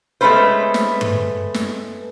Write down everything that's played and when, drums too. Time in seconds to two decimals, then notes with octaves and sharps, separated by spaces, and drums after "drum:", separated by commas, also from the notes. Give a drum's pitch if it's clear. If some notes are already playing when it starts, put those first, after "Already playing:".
0.21 G#3 A3 B3 C#4 B4 C5
0.74 drum: snare
1.01 drum: tom G2
1.54 drum: snare